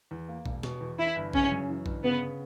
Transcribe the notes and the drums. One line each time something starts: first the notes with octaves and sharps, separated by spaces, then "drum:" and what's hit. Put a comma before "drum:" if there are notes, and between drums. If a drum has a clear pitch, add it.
E2
A#3
E1, drum: kick A#1
B2, drum: snare
E2
E3 E4
G1
C#3 C#4, drum: kick A#1
F#2
E3
G1, drum: kick A#1
C#3 B3